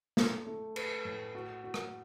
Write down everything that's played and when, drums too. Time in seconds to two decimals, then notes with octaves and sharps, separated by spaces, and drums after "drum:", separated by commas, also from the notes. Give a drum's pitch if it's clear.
0.17 A3, drum: snare
0.47 A3
0.76 B4, drum: cymbal
1.05 A2
1.35 F#4
1.64 F#4
1.74 drum: rim click